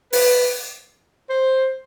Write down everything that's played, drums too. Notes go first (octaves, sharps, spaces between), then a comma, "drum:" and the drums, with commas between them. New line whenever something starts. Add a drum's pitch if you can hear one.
B4, drum: open hi-hat
C5